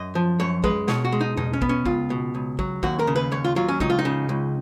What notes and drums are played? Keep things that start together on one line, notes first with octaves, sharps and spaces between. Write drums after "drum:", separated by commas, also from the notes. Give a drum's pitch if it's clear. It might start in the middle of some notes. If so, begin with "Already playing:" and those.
Already playing: F#2 D#5
F3
F#2 C#5
G#3 B4, drum: kick
B2 C#5, drum: snare
F#4
G#3
D#4
B2 D#4, drum: tom E2
C#4
B3, drum: kick
C#4
C#2 F4, drum: kick
B2
C#2
F#3, drum: kick
D#2 F#4, drum: kick
A#4
C#3
B4
D#2 C#5
F4
F#3 F4
C#4
C#2 D#4, drum: kick
F4
D#4
C#3
C#2